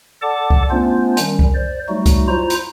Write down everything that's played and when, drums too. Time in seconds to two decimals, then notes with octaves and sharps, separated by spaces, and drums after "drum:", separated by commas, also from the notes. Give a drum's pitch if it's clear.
0.22 A4 D5 F#5 A5 D6
0.50 drum: kick C2
0.70 A3 B3 C#4 D4 F4 C5
1.17 D#3 G3 C#4, drum: hi-hat
1.39 drum: kick C2
1.55 C5 D5
1.89 F#3 G3 A3 D#4 F#4
2.06 drum: kick C2, hi-hat
2.28 E4 F4 C5 A#5
2.50 drum: hi-hat